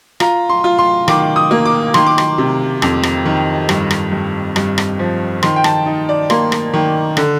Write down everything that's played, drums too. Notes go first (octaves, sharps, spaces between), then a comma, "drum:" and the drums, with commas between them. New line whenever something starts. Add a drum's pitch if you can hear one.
F4 A#5, drum: rim click
C6
F4
C6
D#3 D6, drum: rim click
D#6
A#3
D6
D#3 C6, drum: rim click
D6
C6, drum: rim click
C3
F2, drum: rim click
drum: rim click
D#3
G2, drum: rim click
drum: rim click
G2
G2, drum: rim click
drum: rim click
F3
D#3 C6, drum: rim click
G5
A5, drum: rim click
D#4
D5
A#3 C6, drum: rim click
drum: rim click
D#3
D3, drum: rim click